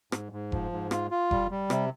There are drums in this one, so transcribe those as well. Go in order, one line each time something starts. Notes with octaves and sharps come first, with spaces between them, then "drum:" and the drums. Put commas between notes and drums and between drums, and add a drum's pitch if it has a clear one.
G#2, drum: rim click
G#2
F3, drum: kick F1
G#2
F4, drum: rim click
F4
G3, drum: kick F1
G3
C3, drum: rim click